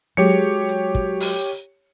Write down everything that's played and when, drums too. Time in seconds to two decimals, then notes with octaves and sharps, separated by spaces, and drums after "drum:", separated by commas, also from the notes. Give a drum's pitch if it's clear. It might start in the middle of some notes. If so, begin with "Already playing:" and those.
0.17 F#3 G#3 G4 C#5 C#7
0.69 drum: hi-hat
0.95 drum: kick
1.20 drum: open hi-hat